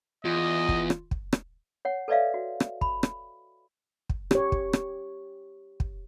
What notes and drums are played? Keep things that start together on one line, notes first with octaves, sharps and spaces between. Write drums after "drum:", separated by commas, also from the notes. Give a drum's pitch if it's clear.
E2 F4 D#5
drum: kick
drum: rim click
drum: kick
drum: rim click
C#5 F#5
A4 B4 C#5 D5 E5 F5
F#4
drum: rim click
B5, drum: kick
drum: rim click
drum: kick
G4 C#5, drum: rim click
drum: kick
drum: rim click
drum: kick